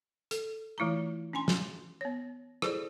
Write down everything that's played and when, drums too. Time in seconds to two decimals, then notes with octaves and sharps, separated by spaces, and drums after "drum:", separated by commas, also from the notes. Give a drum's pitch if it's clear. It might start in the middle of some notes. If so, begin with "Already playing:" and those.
0.31 A4, drum: hi-hat
0.78 E3 A3 E4 F4 A#5
1.33 C#4 D4 G#5 C6
1.48 drum: snare
2.01 B3 C#5
2.62 E4 G#4 A4 C5 D5, drum: rim click